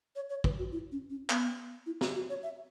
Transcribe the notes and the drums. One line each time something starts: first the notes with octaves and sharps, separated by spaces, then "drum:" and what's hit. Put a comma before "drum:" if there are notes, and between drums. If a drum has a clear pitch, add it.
C#5
C#5
B4, drum: kick
F#4
E4
C#4
C#4
B3, drum: clap
E4
F#4, drum: snare
F#4
C#5
E5